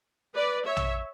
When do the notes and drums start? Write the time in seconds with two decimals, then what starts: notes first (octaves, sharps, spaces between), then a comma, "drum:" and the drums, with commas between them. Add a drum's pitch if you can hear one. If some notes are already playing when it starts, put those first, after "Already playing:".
0.35 B4 D5
0.66 C#5 E5
0.77 drum: tom A#1